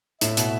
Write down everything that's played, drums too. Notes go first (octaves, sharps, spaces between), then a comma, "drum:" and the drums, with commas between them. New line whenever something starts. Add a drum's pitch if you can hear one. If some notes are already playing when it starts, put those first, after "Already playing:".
A2 E5, drum: hi-hat
B2, drum: hi-hat